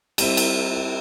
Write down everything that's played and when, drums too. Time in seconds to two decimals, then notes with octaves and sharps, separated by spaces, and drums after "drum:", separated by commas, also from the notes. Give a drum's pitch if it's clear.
0.18 G3 C4 E4, drum: cymbal
0.37 drum: cymbal